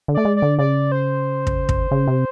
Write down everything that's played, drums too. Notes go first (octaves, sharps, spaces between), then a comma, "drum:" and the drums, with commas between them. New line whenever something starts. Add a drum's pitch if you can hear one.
D3
A3 D5
G#3
D5
D3
C#3 D5
C5
drum: kick
drum: kick
C#3
C3